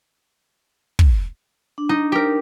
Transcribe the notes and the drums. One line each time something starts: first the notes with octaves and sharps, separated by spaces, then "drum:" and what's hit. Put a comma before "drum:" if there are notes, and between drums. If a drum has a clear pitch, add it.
drum: kick
D4
D#4
G4 A#4